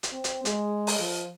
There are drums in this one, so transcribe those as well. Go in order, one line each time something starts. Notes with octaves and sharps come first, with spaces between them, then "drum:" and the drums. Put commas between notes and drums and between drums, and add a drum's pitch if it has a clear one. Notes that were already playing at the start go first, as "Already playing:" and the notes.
drum: hi-hat
C4
drum: hi-hat
G#3, drum: hi-hat
drum: open hi-hat
F3